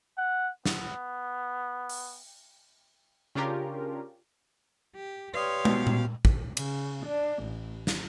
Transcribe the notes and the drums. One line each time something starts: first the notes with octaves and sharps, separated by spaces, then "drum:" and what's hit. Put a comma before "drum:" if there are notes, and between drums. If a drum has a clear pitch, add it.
F#5
B3, drum: snare
drum: open hi-hat
C#3 C#4 D4 F4 G4 A#4
G4
G4 B4 C#5 D5 F5 C6 D#6
B2 G5, drum: tom
drum: tom A#2
drum: kick
C#3, drum: cymbal
D4
A1
drum: snare